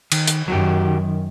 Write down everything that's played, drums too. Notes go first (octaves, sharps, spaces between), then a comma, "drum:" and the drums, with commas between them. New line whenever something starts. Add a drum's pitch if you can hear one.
D#3, drum: cymbal
drum: hi-hat
F#2 D#3 F#3 F#4 G4